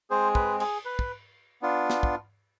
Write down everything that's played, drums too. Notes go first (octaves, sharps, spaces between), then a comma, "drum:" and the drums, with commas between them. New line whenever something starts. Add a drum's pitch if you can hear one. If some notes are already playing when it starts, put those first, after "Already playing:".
G#3 C4 G#4 C5
B4, drum: kick
G#4, drum: cymbal
B4
drum: kick
B3 D4 F4
drum: snare
drum: kick